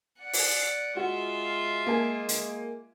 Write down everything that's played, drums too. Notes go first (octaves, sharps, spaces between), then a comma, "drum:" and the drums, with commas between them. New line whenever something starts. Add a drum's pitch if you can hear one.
D5 F#5
drum: open hi-hat
G#3 F4 F#4 E5
A#3 G#5
drum: hi-hat